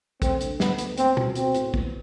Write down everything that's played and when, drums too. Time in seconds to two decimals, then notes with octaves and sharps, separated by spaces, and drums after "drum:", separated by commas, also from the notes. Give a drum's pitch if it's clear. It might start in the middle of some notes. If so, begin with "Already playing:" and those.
0.22 A3 C4, drum: kick, hi-hat
0.41 D3, drum: hi-hat
0.60 D2 B3, drum: snare
0.78 A3, drum: hi-hat
0.98 B3 C4, drum: hi-hat
1.17 F#4, drum: tom
1.35 C4 F#4, drum: hi-hat
1.54 A2, drum: hi-hat
1.74 B3, drum: kick